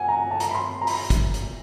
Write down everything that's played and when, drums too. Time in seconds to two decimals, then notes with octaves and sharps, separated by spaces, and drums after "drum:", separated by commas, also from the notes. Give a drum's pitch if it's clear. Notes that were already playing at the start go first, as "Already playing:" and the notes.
Already playing: F#5 G#5
0.08 A#5
0.31 A5
0.40 A#5, drum: hi-hat
0.51 B5
0.55 C6
0.81 A#5
0.87 B5, drum: open hi-hat
1.10 drum: kick, hi-hat
1.34 drum: hi-hat